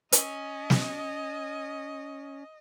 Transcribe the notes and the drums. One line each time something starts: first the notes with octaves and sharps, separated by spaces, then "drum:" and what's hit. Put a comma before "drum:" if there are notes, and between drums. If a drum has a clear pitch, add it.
C#4 D#5, drum: hi-hat
drum: snare